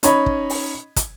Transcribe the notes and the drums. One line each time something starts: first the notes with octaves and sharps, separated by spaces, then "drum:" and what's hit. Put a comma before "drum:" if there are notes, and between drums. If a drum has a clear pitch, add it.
C#4 D#4 C#5 D#5 B5, drum: hi-hat
drum: kick
drum: open hi-hat
drum: kick, hi-hat